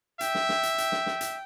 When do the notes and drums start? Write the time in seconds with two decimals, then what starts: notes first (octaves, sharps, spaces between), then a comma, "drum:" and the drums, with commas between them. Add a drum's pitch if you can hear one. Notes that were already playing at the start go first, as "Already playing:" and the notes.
0.21 E5 G5, drum: hi-hat
0.35 drum: snare
0.49 drum: snare
0.63 drum: hi-hat
0.78 G5, drum: hi-hat
0.92 drum: snare
1.06 drum: snare
1.21 drum: hi-hat